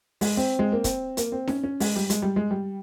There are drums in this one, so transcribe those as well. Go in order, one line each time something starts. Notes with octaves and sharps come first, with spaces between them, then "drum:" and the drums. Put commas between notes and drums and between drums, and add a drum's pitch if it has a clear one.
G#3, drum: open hi-hat
C4
G#3
A#3
C4, drum: kick, hi-hat
A#3, drum: hi-hat
C4
C#4, drum: snare D#4
C#4
G#3, drum: open hi-hat
G3
G#3, drum: hi-hat
G3
G#3
G3